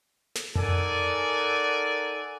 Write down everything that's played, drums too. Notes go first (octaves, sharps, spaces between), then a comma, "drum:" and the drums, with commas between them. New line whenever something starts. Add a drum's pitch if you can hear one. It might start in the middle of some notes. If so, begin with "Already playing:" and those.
drum: snare
D#4 A4 A#4 D5 F#5 G#5, drum: tom F2